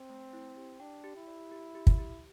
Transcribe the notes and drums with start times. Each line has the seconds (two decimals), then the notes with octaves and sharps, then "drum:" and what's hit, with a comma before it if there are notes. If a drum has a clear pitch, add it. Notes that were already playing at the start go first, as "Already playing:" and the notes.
Already playing: C4
0.09 A3
0.33 E4
0.57 G4
0.80 D4 G5
1.04 G4
1.16 E4
1.27 D5
1.52 G4
1.75 G4
1.87 drum: kick
1.99 G4